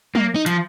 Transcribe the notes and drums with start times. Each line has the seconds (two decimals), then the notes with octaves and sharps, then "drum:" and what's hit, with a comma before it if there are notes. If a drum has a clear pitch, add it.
0.15 A#3, drum: tom
0.35 D#4
0.46 F3, drum: hi-hat